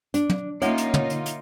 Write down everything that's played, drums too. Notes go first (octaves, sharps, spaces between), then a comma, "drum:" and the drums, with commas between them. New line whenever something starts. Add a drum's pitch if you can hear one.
D4, drum: hi-hat
drum: tom
A#3 C#4 D#4 F4 C#5 E5 F#5, drum: hi-hat
drum: hi-hat
drum: tom
drum: hi-hat
drum: hi-hat